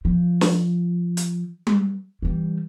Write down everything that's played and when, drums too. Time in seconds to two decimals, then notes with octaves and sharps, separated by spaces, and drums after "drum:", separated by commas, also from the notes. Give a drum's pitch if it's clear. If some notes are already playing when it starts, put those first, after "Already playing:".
0.05 F3
0.41 drum: snare
1.17 drum: hi-hat
1.67 drum: tom G3
2.22 E3 G3